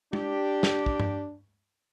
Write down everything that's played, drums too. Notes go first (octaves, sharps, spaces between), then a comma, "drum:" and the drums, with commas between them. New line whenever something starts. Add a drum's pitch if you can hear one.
D4 G4, drum: tom
drum: snare
drum: kick
drum: tom G2